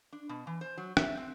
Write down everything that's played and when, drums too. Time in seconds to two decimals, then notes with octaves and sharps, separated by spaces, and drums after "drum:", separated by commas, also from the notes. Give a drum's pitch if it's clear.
0.12 D4
0.29 B2
0.47 E3
0.61 C5
0.77 F#3
0.97 E5, drum: rim click
1.17 C4